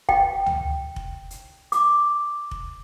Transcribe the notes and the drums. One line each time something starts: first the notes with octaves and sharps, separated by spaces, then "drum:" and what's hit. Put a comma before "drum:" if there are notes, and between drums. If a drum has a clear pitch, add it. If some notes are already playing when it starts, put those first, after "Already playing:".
G5, drum: kick F1
drum: tom
drum: kick F1
drum: hi-hat
D6, drum: hi-hat
drum: kick F1